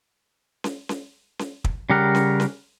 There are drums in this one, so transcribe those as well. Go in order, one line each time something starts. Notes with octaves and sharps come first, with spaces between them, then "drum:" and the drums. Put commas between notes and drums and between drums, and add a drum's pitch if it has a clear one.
drum: snare C#4
drum: snare C#4
drum: snare C#4
drum: kick
C#3 G3 G4 A#4 F#5
drum: snare C#4
drum: snare C#4